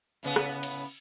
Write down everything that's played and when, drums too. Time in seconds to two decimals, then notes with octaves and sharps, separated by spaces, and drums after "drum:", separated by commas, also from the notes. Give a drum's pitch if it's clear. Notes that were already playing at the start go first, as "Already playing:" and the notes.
0.23 A2 C#3 B3
0.36 drum: rim click
0.63 drum: cymbal